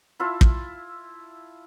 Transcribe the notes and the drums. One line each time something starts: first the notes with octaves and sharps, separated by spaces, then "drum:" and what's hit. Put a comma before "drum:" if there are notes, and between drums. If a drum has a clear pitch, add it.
E4 F4 E5 A5
drum: kick